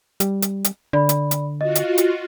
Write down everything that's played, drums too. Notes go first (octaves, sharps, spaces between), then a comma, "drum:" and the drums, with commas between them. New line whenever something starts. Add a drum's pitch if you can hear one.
G3, drum: hi-hat
drum: hi-hat
drum: hi-hat
D3 D5 B5
drum: hi-hat
drum: hi-hat
F4 F#4 D#5
drum: hi-hat
drum: hi-hat